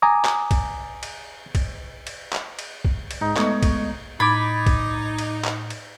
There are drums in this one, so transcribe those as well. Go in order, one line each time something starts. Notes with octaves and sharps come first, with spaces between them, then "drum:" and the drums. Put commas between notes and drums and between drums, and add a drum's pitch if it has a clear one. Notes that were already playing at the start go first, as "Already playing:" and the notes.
G#5 A#5 D6 D#6
drum: clap
drum: kick, cymbal
drum: cymbal
drum: kick, cymbal
drum: cymbal
drum: clap
drum: cymbal
drum: kick
drum: cymbal
G#2 D#4
G#3 A3 B3 C#5 D#5 C#6, drum: clap
drum: kick, cymbal
A2 D#4 B5 D6 G#6 A6
drum: kick, cymbal
drum: cymbal
drum: clap
drum: cymbal